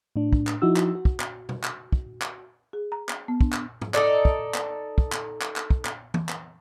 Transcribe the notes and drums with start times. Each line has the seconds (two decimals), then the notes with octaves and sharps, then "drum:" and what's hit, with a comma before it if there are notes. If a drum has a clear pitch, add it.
0.16 A2 D4
0.33 drum: kick
0.47 drum: clap
0.62 F3 D#4 E4 F#4 E6
0.76 drum: clap
0.95 F#4
1.05 drum: kick
1.20 drum: clap
1.49 drum: tom B2
1.63 drum: clap
1.92 drum: kick
2.22 drum: clap
2.73 G#4
2.92 A#5
3.09 drum: clap
3.28 B3
3.41 D4, drum: kick
3.52 drum: clap
3.81 drum: tom G#2
3.94 D#4 A4 D5, drum: clap
4.25 drum: kick
4.54 drum: clap
4.98 drum: kick
5.12 drum: clap
5.41 drum: clap
5.56 drum: clap
5.70 drum: kick
5.85 drum: clap
6.14 drum: tom
6.29 drum: clap